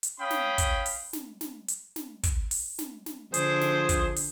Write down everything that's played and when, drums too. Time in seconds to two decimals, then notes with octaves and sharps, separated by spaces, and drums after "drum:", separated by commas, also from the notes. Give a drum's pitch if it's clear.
0.03 drum: hi-hat
0.20 C#4 F5 G5 B5 D#6
0.30 drum: snare
0.58 drum: kick, hi-hat
0.86 drum: open hi-hat
1.13 drum: snare
1.41 drum: snare
1.68 drum: hi-hat
1.96 drum: snare
2.23 drum: kick, hi-hat
2.51 drum: open hi-hat
2.79 drum: snare
3.06 drum: snare
3.34 D3 F3 G#4 C5, drum: hi-hat
3.61 drum: snare
3.89 drum: kick, hi-hat
4.16 drum: open hi-hat